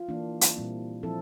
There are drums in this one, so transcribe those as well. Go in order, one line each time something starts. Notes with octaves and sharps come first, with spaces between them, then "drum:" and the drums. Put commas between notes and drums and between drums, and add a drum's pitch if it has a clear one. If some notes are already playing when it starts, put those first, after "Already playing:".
Already playing: F4
E3 A#3 D4
drum: hi-hat
A#2 G3 C4 E4
F3 C4 E4 A4